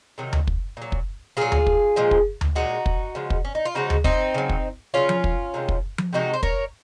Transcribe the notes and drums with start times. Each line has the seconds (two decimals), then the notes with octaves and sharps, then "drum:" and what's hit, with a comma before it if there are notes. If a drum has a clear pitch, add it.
0.18 C3 D#3 F#3
0.33 drum: tom D2
0.47 drum: kick
0.77 A#2 F#3
0.92 drum: kick
1.37 A#2 F#3 F4 G#4
1.52 drum: tom D2
1.67 drum: kick
1.96 A#2 F3 G#3
2.11 drum: kick
2.41 drum: tom D2
2.55 A#2 F3 G#3 D#4 F#4
2.86 drum: kick
3.15 C#3 F3 G#3
3.30 drum: kick
3.45 C#4
3.55 D#4
3.65 F4
3.75 C#3 F3 G#3 D#4 F#4
3.90 drum: tom D2
4.04 C4 D#4, drum: kick
4.34 C#3 F#3
4.49 drum: kick
4.94 C#3 F#3 C#4 F4
5.09 drum: tom F3
5.24 drum: kick
5.54 C3 D#3 G#3
5.69 drum: kick
5.98 drum: tom F3
6.13 C3 D#3 G#3 D#4 F#4
6.34 C5
6.43 A#4 C#5, drum: kick